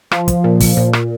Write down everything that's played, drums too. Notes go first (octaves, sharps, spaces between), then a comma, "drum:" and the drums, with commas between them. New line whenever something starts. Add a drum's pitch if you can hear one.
F3, drum: rim click
drum: kick, hi-hat
A#2
drum: kick, open hi-hat
A#2
drum: rim click